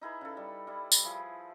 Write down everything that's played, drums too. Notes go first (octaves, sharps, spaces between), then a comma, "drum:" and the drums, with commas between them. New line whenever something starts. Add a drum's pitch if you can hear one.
D#4 E4 G#4 B4
C#3 A4
G3
G3 E4
drum: tambourine
F3 E4 G#4